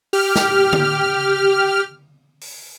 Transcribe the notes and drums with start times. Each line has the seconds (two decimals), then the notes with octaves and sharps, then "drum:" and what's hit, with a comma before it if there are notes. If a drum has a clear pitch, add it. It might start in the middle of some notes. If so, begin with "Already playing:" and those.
0.13 G4 F6, drum: open hi-hat
0.36 drum: snare
0.73 drum: tom D3
2.41 drum: open hi-hat